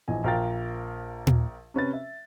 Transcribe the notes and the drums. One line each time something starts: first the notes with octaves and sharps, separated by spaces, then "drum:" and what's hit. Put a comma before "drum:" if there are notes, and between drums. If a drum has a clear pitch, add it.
A#1 E3 D#5 G#5
A#1 F4 A#4 F5 G5 A6
drum: tom A#2
C3 C#4 B4 A6
E5